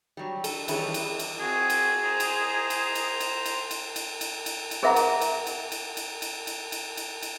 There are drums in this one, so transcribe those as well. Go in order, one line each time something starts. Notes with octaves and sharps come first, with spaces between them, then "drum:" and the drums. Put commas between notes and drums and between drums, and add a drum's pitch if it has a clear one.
F#3 G3
A4, drum: cymbal
D#3 E3 G3 C#4 E4 G#4, drum: cymbal
drum: cymbal
drum: cymbal
C4 F#4 G#4
drum: cymbal
C5 A#5
drum: cymbal
drum: cymbal
drum: cymbal
drum: cymbal
drum: cymbal
drum: cymbal
drum: cymbal
drum: cymbal
drum: cymbal
drum: cymbal
G#4 A#4 E5 F#5 A#5
drum: cymbal
drum: cymbal
drum: cymbal
drum: cymbal
drum: cymbal
drum: cymbal
drum: cymbal
drum: cymbal
drum: cymbal
drum: cymbal